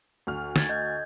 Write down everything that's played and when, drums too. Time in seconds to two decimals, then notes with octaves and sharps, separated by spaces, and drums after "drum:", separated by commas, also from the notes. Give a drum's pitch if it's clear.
0.27 D2 F6
0.56 G#6 A6, drum: snare
0.69 D#5 G6 G#6